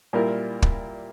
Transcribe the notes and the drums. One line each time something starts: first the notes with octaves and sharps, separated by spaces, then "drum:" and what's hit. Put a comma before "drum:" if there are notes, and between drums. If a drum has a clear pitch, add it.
A#2 G3 A#3 E4 A#4
drum: kick